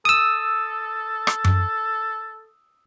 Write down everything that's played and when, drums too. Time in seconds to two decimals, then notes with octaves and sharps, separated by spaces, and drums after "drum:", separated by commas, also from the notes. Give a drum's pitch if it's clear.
0.05 A4 D#6 E6
1.27 drum: rim click
1.44 drum: tom F#2